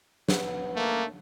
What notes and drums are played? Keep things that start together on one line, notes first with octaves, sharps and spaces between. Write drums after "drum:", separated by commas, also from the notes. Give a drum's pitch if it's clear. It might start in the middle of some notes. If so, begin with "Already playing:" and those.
B3, drum: snare
A3 A#3